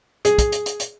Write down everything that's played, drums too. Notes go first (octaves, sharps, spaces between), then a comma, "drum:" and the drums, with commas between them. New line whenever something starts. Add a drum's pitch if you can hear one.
G#4, drum: hi-hat
drum: kick, hi-hat
drum: hi-hat
drum: hi-hat
drum: hi-hat